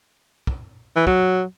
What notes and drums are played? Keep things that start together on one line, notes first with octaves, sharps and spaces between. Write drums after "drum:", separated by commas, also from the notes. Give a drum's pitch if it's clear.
drum: kick
E3
F#3, drum: kick